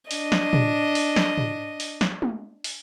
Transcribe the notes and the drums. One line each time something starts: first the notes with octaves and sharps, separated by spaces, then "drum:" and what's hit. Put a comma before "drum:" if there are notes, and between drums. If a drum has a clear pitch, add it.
D4 D#5, drum: open hi-hat
drum: snare
drum: tom
drum: open hi-hat
drum: snare
drum: tom
drum: open hi-hat
drum: snare
drum: tom
drum: open hi-hat